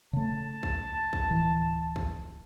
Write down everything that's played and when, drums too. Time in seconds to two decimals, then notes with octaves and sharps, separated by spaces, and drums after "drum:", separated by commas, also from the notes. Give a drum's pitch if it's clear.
0.13 C#3 A3 A5
0.63 drum: kick A#1
1.13 drum: kick A#1
1.29 D1 E3
1.96 drum: kick A#1